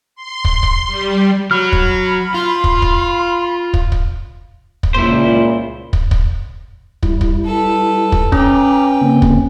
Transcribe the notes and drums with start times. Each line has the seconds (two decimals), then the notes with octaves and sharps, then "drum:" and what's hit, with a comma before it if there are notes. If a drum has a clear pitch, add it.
0.16 C6
0.45 drum: kick
0.63 drum: kick
0.87 G3
1.51 F#3 B5 F6
1.72 drum: kick
2.34 F4 C6
2.64 drum: kick
2.82 drum: kick
3.74 drum: kick
3.92 drum: kick
4.83 drum: kick
4.95 C#2 A#2 E4 C5
5.93 drum: kick
6.11 drum: kick
7.03 G3 E4, drum: kick
7.21 drum: kick
7.45 A4 B4
8.12 drum: kick
8.32 C#4 B4 G5 A#5 D6 F6, drum: kick
9.01 C#3 A#3 C4
9.22 drum: kick